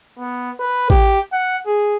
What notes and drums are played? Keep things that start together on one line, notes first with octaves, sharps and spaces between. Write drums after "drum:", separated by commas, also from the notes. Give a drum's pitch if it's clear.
B3
B4
G4, drum: kick A1
F#5
G#4